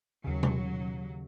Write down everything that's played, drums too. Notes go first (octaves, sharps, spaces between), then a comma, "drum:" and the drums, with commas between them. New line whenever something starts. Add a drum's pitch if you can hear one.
D#2 C#3 F#3
drum: tom B2